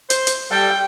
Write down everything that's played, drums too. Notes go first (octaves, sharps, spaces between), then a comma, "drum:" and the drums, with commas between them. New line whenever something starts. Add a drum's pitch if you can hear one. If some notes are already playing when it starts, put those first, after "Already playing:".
C5, drum: hi-hat
drum: hi-hat
G3 A4 G5